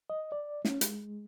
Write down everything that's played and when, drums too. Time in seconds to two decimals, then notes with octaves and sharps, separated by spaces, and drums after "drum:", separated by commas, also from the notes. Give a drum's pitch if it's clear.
0.10 D#5
0.32 D5
0.65 C#4, drum: snare
0.81 G#3, drum: hi-hat